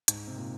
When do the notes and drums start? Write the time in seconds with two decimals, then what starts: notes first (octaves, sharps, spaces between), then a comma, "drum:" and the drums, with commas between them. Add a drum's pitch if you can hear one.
0.08 G#2, drum: hi-hat
0.27 C3
0.36 A#2